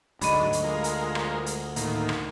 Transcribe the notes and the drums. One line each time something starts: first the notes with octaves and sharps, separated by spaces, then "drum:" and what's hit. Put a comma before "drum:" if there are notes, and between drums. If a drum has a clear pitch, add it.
D2 G#2 F#3 D4 D#5 B5, drum: hi-hat
drum: hi-hat
G#3 F4 A#4
drum: hi-hat
drum: rim click
drum: hi-hat
A2 D#3 A#3, drum: hi-hat
drum: rim click